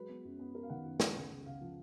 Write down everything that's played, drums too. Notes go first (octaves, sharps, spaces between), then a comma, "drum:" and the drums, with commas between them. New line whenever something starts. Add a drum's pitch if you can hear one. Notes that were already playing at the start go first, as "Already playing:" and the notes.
Already playing: F#3 G#3 B4
B3
F#2
B3
B3 A#4
F5
D#3 F#5
F#2
G#3, drum: snare
C#2
C#2
C#2 F5
F3